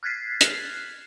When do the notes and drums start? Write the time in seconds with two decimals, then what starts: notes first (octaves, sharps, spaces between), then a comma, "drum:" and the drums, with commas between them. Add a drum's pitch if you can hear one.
0.03 F6 F#6 G#6 A6 B6 C7
0.41 drum: hi-hat